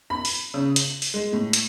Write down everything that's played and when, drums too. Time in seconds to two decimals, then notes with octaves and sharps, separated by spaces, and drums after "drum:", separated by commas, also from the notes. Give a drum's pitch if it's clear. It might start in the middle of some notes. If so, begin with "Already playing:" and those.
0.10 B5
0.25 drum: open hi-hat
0.54 C#3
0.76 F#7, drum: hi-hat
1.02 drum: open hi-hat
1.14 G#3
1.33 A2
1.53 drum: hi-hat